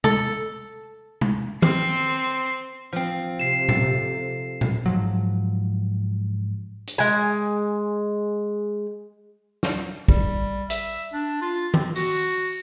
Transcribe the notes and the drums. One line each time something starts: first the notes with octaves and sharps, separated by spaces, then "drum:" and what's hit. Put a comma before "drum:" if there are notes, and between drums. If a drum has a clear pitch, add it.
A4, drum: tom
drum: tom
C4 C7, drum: tom D#3
F3 C4
C3 C7 E7
A4, drum: tom A#2
drum: tom A#2
G#2 F3 F#3
drum: hi-hat
G#3 G#5
drum: snare
G3, drum: kick A1
E5, drum: hi-hat
D4
F4
C4, drum: tom D#3
F#4, drum: open hi-hat